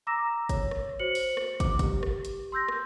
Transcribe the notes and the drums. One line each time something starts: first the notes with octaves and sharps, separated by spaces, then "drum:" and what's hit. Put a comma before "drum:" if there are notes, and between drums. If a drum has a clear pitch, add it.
A#5 D6 E6 A#6 E7
C#5, drum: kick, hi-hat
drum: rim click
F#4 C5 C#7 F#7
drum: open hi-hat
drum: rim click
D6, drum: kick, hi-hat
G4, drum: kick, hi-hat
drum: rim click
drum: hi-hat
C6 E6 G6 A#6
drum: rim click